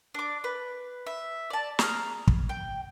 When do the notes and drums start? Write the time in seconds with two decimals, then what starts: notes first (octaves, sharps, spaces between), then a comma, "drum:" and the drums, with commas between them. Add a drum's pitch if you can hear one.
0.14 D4 D6
0.44 B4
1.06 E5
1.50 D5 A5
1.79 G#4 A#5 F6, drum: snare
2.27 drum: kick
2.49 G5